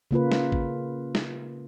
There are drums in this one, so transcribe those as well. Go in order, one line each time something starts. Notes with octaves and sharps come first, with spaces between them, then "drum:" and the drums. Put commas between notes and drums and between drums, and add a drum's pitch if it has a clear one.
C#3 A#3 F4 B4
drum: snare
drum: kick G#1
drum: snare